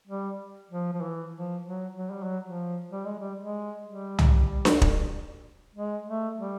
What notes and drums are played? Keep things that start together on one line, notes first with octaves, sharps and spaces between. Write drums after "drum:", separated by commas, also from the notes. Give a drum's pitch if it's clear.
G3
F3
F3
E3
F3
F#3
F#3
G3
F#3
F3
G3
G#3
G3
G#3
G3
drum: tom
drum: snare D4
drum: kick
G#3
A3
G3